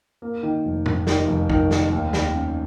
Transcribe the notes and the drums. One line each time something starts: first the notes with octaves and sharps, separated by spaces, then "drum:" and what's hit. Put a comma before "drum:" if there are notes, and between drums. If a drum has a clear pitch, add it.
A#3
D#3
F1
F1, drum: tom
D#3, drum: snare
F1
D#3, drum: kick
D#3, drum: snare
D#2
D#2, drum: snare
C#4